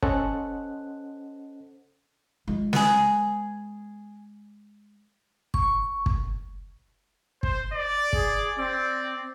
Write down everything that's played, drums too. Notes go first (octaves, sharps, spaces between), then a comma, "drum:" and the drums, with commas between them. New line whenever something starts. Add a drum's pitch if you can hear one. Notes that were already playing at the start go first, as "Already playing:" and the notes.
C#4 A4 C5 D#5 F#5 F#6, drum: kick
G#3 F4
B3 G#4, drum: snare
C#6, drum: kick
drum: kick
C5, drum: kick
D5
G#4, drum: kick
C4 D5